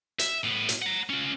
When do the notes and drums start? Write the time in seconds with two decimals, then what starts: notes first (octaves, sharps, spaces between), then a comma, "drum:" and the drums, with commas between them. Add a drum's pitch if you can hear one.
0.19 E5, drum: hi-hat
0.44 A2 B3
0.69 drum: hi-hat
0.82 F#5 A#5
1.10 C#4 F4